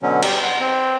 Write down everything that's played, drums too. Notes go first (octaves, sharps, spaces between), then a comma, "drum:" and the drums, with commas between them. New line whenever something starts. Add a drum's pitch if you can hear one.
B2 D3 F#3 C#4
G3, drum: cymbal
F#5 C6
C4